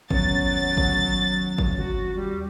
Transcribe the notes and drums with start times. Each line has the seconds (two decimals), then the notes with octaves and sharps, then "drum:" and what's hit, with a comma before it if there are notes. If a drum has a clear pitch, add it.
0.11 D#2 F#3 B3 C#4 A6, drum: kick
0.77 drum: kick
1.58 drum: kick
1.78 F#4
2.15 G3